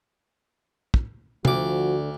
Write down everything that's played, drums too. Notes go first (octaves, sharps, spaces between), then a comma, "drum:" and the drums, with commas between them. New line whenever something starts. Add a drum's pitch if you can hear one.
drum: kick
D2 D3 F3 F#4 D6, drum: tom